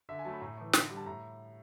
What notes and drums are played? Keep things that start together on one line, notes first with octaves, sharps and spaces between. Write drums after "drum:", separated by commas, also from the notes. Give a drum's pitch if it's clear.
D3 E5
G#5
F#3 A3 A5
B5
A2 A#5
E3 A3
D3, drum: snare
G3
A5
A2 A#5